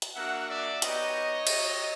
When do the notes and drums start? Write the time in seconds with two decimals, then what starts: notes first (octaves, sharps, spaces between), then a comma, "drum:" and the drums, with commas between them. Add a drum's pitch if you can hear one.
0.02 drum: hi-hat
0.15 A#3 D4 F#4 E5 F#5
0.49 D5 E5
0.82 B3 D#4 G4 C#5 D#5, drum: hi-hat
1.47 drum: cymbal